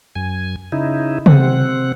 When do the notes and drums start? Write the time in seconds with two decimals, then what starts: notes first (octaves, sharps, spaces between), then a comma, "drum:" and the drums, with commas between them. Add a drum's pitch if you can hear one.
0.16 F#2 G#5
0.72 C#3 D#4 E4
1.26 C3 C4 F#5, drum: tom